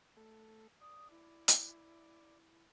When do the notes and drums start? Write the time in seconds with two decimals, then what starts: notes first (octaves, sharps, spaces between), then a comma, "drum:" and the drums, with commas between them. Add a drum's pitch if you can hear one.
0.17 A3 A4
0.81 D5 D#6
1.11 E4
1.48 drum: hi-hat